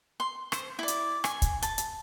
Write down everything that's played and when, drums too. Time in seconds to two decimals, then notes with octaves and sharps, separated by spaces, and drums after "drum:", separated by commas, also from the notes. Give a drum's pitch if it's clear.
0.20 C6
0.52 C5, drum: rim click
0.79 E4 D5
0.88 drum: hi-hat
1.24 G#5, drum: rim click
1.42 drum: kick, hi-hat
1.62 A5, drum: hi-hat
1.78 drum: hi-hat